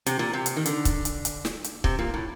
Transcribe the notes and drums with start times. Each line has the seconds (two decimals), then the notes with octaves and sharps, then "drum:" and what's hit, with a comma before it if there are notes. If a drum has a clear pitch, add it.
0.06 C3, drum: hi-hat
0.19 A#2
0.33 C3
0.46 drum: hi-hat
0.56 D#3
0.66 D3, drum: hi-hat
0.85 drum: kick C#1, hi-hat
1.05 drum: hi-hat
1.25 drum: hi-hat
1.45 drum: snare
1.64 drum: hi-hat
1.84 C3, drum: kick C#1
1.99 A#2
2.14 A2